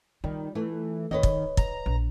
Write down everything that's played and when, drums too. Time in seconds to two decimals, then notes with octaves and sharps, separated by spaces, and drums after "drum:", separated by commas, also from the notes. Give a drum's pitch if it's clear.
0.24 D#3 G3 F4
0.55 E3 A3
1.11 D#2 D#3 B4 C#5 D#5
1.23 drum: kick
1.57 A#5, drum: kick
1.86 A#1